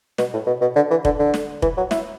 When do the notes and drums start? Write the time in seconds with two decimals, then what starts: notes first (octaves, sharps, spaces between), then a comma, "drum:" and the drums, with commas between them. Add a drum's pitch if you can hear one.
0.18 B2, drum: snare
0.33 A2
0.47 B2
0.61 B2
0.76 D3
0.91 E3
1.05 D3, drum: kick F1
1.19 D3
1.34 drum: snare
1.62 E3, drum: kick F1
1.77 F#3
1.91 E4, drum: snare